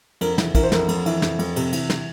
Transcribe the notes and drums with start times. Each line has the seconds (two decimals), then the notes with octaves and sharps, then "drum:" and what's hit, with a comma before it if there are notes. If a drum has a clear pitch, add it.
0.21 F2 A#4, drum: cymbal
0.38 E3, drum: snare
0.55 E3 A#4, drum: kick, cymbal
0.63 C5
0.72 F2 A#4, drum: snare
0.88 F2, drum: cymbal
1.06 E3, drum: cymbal
1.22 F2, drum: snare
1.39 F2, drum: cymbal
1.56 C3, drum: cymbal
1.73 E3, drum: cymbal
1.90 drum: snare